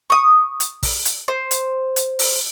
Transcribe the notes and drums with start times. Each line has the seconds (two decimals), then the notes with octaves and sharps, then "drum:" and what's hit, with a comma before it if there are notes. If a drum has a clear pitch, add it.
0.10 C#6 D#6
0.60 drum: hi-hat
0.83 drum: kick, open hi-hat
1.05 drum: hi-hat
1.28 C5
1.51 drum: hi-hat
1.96 drum: hi-hat
2.19 drum: open hi-hat